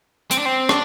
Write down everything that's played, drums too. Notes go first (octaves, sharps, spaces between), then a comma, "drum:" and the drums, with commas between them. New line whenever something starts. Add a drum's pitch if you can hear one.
C4, drum: hi-hat
D4
C4
D4, drum: rim click